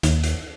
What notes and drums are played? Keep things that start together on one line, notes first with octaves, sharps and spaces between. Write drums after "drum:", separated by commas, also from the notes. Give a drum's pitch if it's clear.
D#2, drum: hi-hat
drum: hi-hat